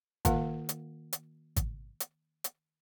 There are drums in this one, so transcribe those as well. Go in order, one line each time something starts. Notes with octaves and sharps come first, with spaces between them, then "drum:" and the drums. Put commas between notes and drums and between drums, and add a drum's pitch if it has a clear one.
D#3 A#3 F4 B4 F5 F#5, drum: kick G#1, hi-hat
drum: hi-hat
drum: hi-hat
drum: kick G#1, hi-hat
drum: hi-hat
drum: hi-hat